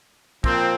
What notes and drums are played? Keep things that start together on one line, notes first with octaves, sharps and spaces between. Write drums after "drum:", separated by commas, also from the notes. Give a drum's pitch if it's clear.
A#2 F3 C4, drum: kick